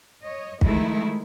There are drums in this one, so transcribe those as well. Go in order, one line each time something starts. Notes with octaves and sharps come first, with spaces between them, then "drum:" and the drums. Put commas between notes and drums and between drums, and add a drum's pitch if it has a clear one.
C#5 D#5
D#3 F3 G#3 A3 D#4 E4, drum: kick